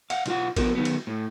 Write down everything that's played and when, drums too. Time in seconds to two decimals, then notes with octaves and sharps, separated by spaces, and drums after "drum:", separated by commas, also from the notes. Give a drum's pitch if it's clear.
0.10 F5 F#5, drum: cymbal
0.26 B1 F4 F#5, drum: cymbal
0.56 F3 F#3 B3 F#4 A#4, drum: kick, cymbal
0.75 D#3 F#3 B3
0.85 drum: cymbal
1.07 A2